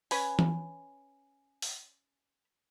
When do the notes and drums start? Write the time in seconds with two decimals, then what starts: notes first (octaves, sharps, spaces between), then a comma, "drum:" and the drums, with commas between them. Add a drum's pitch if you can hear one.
0.11 C#4 B4 G#5, drum: open hi-hat
0.39 drum: tom E3
1.62 drum: open hi-hat